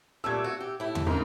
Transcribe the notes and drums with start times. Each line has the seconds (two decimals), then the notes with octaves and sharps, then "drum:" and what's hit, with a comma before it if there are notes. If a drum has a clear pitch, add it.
0.24 A#2 G3 A3 E6 G#6
0.44 F#4
0.61 G4
0.80 A2 E4
0.95 drum: tom E2
1.07 G#2 C#3 A#4